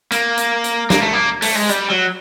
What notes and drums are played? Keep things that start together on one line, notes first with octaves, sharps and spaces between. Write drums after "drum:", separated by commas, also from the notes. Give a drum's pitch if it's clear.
A#3, drum: hi-hat
drum: hi-hat
drum: hi-hat
A#3, drum: snare
A3
A#3
A3, drum: open hi-hat
G#3
G3, drum: hi-hat
F#3